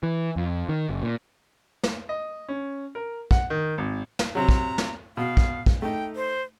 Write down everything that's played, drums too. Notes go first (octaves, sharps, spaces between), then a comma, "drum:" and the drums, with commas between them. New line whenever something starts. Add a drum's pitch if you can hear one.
E3
F2
D#3
F#1
A#2
drum: snare
D#5
C#4
A#4
F#5, drum: kick
D#3
G#1
drum: snare
C3 F#3 A#5
drum: kick
drum: snare
B2 F5
drum: kick
drum: kick
A3 D#4 G5
C5